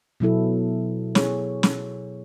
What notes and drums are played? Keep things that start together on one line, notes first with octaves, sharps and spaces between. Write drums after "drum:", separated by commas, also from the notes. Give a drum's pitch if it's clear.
B2 F#3 B3 E4 A4
B3 E4 G#4 C#5, drum: snare
drum: snare